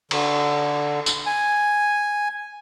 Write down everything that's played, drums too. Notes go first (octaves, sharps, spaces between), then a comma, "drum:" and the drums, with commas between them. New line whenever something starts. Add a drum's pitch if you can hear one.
D3, drum: cymbal
drum: tambourine
G#5